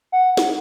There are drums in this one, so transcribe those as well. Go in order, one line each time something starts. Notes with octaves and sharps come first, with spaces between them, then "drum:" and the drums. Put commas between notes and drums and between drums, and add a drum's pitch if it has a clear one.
F#5
drum: snare